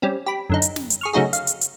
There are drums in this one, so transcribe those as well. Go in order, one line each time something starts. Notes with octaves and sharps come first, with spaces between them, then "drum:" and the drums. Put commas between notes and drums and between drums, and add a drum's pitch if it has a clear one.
G3 C4 C#4
G4 B5
F#2 D3 D#4
drum: hi-hat
drum: snare
drum: hi-hat
G#4 C#6 F6
C#3 F#3 A3 D#4 F#4 G#4
F5, drum: hi-hat
drum: hi-hat
drum: hi-hat